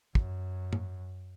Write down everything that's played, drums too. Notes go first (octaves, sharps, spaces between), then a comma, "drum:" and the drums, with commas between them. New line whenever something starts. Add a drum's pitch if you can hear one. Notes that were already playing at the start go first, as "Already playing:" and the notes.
F#2, drum: kick
drum: tom G#2